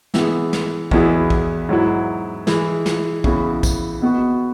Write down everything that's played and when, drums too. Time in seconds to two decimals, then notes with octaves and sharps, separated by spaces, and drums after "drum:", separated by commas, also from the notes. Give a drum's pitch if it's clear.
0.14 E3 B3 G#4, drum: snare
0.53 drum: snare
0.91 E2 B2 B3 E4 G#4, drum: kick A#1
1.30 drum: kick A#1
1.69 G#2 F#3 E4
2.47 E3 G#3 E4, drum: snare
2.86 drum: snare
3.24 C#3 E3 B3 E4, drum: kick A#1
3.63 drum: kick A#1, tambourine
4.02 B2 B3 F#4